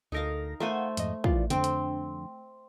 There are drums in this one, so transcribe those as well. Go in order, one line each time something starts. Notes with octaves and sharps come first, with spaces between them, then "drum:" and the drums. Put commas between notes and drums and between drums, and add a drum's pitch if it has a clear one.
D2 D#4 A4 A#4 F5 A#6
A3 A#4 C5 F5 F#5 G#5
F2 G#2 D#5, drum: hi-hat
E3 F4 D5, drum: kick
F2 D3 C4, drum: hi-hat
drum: hi-hat